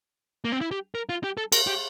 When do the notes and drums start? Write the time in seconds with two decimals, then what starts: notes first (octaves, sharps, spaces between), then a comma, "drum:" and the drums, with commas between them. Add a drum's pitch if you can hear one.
0.45 A#3
0.52 C4
0.61 E4
0.71 G4
0.95 A#4
1.09 F4
1.24 G4
1.37 A4
1.52 A#4, drum: cymbal
1.67 G4